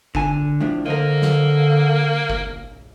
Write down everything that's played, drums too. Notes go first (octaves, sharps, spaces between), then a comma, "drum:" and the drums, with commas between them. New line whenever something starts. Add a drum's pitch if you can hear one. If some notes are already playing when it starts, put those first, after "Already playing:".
D3 G#5, drum: kick F#1
A2 F3 D4
D3 A#3 A#4 C5 D#5
drum: snare
drum: kick F#1